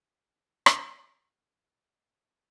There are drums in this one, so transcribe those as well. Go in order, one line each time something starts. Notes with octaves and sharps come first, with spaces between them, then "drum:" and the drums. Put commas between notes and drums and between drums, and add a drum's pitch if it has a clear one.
A#2 F#4 B4 C5 B5 C6
drum: rim click